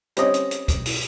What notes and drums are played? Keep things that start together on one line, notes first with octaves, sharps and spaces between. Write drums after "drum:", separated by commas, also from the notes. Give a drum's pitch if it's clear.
G3 C4 C#4 D#5 D#6, drum: hi-hat
drum: hi-hat
drum: hi-hat
drum: kick, hi-hat
drum: open hi-hat